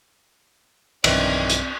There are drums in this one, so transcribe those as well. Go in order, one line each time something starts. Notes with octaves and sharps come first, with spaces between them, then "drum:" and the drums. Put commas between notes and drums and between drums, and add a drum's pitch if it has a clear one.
B1 G2 D#3 E3 C4 C#4 D5, drum: cymbal
drum: hi-hat